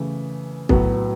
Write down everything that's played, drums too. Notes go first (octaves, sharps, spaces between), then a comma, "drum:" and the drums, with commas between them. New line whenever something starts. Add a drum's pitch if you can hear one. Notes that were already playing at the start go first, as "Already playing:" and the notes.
Already playing: C#3 E3 A3
A2 F#3 B3, drum: kick